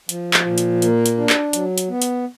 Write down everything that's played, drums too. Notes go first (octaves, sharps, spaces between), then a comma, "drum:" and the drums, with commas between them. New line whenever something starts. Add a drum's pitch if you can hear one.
F3, drum: hi-hat
drum: clap
A#2
drum: hi-hat
A#3, drum: hi-hat
drum: hi-hat
D4
drum: clap
F#3, drum: hi-hat
drum: hi-hat
B3
drum: hi-hat